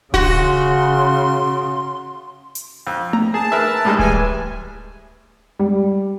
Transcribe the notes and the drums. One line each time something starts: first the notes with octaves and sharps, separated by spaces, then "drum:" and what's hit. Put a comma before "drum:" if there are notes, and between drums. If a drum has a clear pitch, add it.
C#3 F#4 C6, drum: kick D1
drum: hi-hat
F2
A#5, drum: tom A3
G#4 A5
A#4 B4 E5
A2 G3 G#3
E3 G#5, drum: kick D1
G3